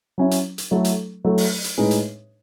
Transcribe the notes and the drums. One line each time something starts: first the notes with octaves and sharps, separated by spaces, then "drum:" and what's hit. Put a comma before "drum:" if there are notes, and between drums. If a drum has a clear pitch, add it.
F#3 C#4 E4
drum: hi-hat
drum: hi-hat
F#3 A3 E4 A4
drum: hi-hat
F#3 A3 E4 A4
drum: open hi-hat
drum: hi-hat
A2 G#3 D#4 G#4 B4
drum: hi-hat